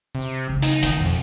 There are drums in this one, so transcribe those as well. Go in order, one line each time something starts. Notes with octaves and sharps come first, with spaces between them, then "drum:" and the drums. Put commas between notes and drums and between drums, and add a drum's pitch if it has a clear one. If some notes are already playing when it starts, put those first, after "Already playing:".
C3
C#3 F#3
D#4, drum: hi-hat
D#3 E3, drum: hi-hat
F2 B2